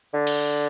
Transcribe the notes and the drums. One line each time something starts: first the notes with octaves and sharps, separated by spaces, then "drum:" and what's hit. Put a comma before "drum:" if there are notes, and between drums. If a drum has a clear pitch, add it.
D3
drum: cymbal